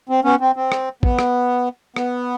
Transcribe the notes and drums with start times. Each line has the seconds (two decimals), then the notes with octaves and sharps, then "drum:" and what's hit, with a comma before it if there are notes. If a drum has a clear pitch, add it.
0.09 C4
0.24 B3 C#4
0.40 C4
0.56 C4
0.72 drum: rim click
1.03 B3, drum: kick A1
1.19 drum: rim click
1.96 B3, drum: rim click